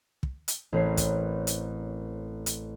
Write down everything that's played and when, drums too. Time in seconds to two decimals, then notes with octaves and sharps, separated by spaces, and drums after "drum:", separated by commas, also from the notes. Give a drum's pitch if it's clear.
0.23 drum: kick
0.48 drum: hi-hat
0.73 A1 C4 A#4 B4 C#5 C7
0.97 drum: kick, hi-hat
1.47 drum: hi-hat
2.46 drum: hi-hat